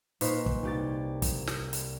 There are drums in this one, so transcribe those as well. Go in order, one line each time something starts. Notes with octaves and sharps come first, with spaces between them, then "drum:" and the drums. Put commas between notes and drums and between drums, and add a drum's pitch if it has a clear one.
A#2 D#4 B4 C5 C#6, drum: hi-hat
drum: kick
C2 G4 A6
drum: kick, hi-hat
drum: snare
drum: hi-hat